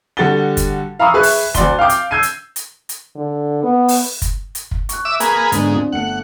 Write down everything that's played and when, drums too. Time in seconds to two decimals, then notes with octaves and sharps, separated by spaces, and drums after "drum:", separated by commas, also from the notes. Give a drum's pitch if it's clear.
0.17 D3 G3 F#4 A6 G7
0.57 drum: kick, hi-hat
0.99 F5 A#5 B5 C#6 D#6 E6
1.14 G#4 B4 E5 C#6 F#6
1.23 drum: open hi-hat
1.55 D2 F#4 D5 C6 G7, drum: kick, hi-hat
1.79 F5 G5 D6 G6
1.90 drum: hi-hat
2.11 E6 G6 G#6 C7 D#7
2.23 drum: hi-hat
2.56 drum: hi-hat
2.89 drum: hi-hat
3.16 D3
3.63 B3
3.88 drum: open hi-hat
4.22 drum: kick, hi-hat
4.55 drum: hi-hat
4.71 drum: kick
4.89 C#6 F#6, drum: hi-hat
5.05 E5 D6 E6
5.20 A#3 G#4 B4, drum: hi-hat
5.52 G#2 D3 B3 D4, drum: hi-hat
5.71 C4 D4 F4
5.92 G1 A3 F#5 C#7